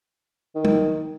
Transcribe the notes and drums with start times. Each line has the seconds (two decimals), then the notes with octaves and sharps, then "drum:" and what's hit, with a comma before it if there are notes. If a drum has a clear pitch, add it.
0.55 D#3
0.65 drum: tom G3